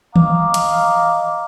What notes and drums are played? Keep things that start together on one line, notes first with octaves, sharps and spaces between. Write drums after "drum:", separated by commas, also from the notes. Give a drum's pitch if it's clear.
D#5 F5 A#5 D6, drum: tom D#3
drum: hi-hat